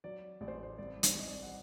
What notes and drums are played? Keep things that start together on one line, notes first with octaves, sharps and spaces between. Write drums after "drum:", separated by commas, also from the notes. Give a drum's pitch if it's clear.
F#3 D5
A1 D5
C5
C5
C2 D5
C5, drum: hi-hat
C2 D#5
D5
F#5